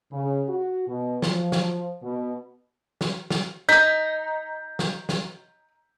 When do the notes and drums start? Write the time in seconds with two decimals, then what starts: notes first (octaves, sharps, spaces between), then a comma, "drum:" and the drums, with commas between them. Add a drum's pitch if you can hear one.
0.12 C#3
0.49 F#4
0.87 B2
1.22 F3, drum: snare
1.52 drum: snare
2.02 B2
3.01 drum: snare
3.30 drum: snare
3.69 D#4 G6 B6
4.79 drum: snare
5.09 drum: snare